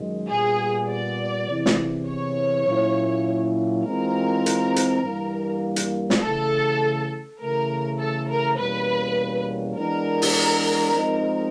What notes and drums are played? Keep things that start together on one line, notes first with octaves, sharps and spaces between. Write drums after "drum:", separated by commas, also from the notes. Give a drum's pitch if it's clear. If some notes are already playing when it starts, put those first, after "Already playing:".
Already playing: F#2 D#3 G#3
A#2 G3 B3 G#4
D5
E2 C3 E3
drum: snare
C#5
A#2 F#3 A#3 C#4 E4
E3 G#3 C4 F4 A#4
drum: hi-hat
drum: hi-hat
G2 E3 G3 A#3
drum: hi-hat
drum: snare
C#3 E3 A3 A4
C#3 E3 A3 A#4
A4
A#4
E2 B2 G3 A#3 C#4 B4
E3 G#3 B3 D4 A#4
drum: open hi-hat
F3 G#3 C4 D#4